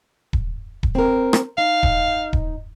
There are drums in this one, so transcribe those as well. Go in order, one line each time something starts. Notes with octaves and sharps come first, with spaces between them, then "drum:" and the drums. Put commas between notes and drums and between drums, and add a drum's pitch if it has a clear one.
drum: kick D#1
drum: kick D#1
C4 A#4
drum: rim click
D#4 F5
drum: kick D#1
drum: kick D#1